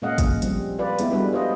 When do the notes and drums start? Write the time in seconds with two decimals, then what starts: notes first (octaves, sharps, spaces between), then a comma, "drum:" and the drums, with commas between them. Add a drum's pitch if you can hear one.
0.02 A#2 G#3 C#4 D#5 F5 F#5
0.18 drum: kick, hi-hat
0.42 F3 G3 C4, drum: hi-hat
0.79 F4 B4 D5
0.99 G#3 B3 E4, drum: hi-hat
1.11 G3 A3 B3 D4 F#4 B4
1.33 F4 C5 D#5